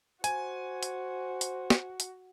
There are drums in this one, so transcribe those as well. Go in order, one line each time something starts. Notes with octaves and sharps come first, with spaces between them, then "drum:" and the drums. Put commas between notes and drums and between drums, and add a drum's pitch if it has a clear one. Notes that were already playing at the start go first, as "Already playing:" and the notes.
F#4 C5 G#5, drum: hi-hat
drum: hi-hat
drum: hi-hat
drum: snare
drum: hi-hat